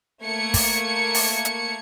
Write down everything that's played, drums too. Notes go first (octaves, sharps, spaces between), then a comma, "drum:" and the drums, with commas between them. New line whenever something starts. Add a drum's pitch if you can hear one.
A3 A#3 G#6 C#7
drum: kick, open hi-hat
drum: open hi-hat
drum: hi-hat